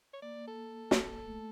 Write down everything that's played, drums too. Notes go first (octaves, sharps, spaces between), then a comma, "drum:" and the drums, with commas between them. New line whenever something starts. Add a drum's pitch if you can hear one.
C#5
A#3 D5
A4
drum: snare
A3